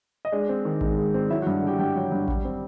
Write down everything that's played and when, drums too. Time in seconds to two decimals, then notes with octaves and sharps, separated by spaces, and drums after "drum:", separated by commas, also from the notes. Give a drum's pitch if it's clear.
0.25 D#5
0.32 G#3 D4 D5
0.49 C4
0.65 D#3
0.81 G#2, drum: kick A1
0.97 G#3
1.14 C4
1.30 F#3 E4 E5
1.42 F#4 F#5
1.47 G2
1.63 D3 G4 G5
1.79 G2 G4 G5
1.96 F#3
2.12 G2
2.28 G3, drum: kick A1
2.45 C4